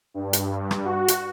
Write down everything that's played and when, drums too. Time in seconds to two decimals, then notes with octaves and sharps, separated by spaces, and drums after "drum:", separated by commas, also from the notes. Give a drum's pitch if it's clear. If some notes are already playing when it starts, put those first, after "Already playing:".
0.14 G2
0.33 drum: hi-hat
0.71 drum: rim click
0.84 F#4
1.08 drum: hi-hat